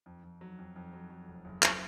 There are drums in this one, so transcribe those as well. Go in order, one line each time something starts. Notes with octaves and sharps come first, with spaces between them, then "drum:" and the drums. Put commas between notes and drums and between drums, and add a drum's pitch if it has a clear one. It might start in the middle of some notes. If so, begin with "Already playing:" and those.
F2
F2
F#3
F2
F2
F#3
F#3
F1
F#1
F#1, drum: clap